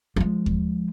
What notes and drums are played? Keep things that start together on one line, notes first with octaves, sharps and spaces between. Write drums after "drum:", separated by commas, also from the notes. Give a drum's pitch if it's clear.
F3 G#3
drum: kick D#2